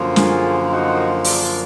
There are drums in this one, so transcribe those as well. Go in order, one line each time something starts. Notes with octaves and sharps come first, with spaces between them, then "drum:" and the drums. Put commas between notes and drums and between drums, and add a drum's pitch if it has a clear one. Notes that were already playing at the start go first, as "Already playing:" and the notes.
Already playing: F#2 D3 F3 A#3
F4 G#4, drum: snare
D#4 F#4
D4 F4, drum: open hi-hat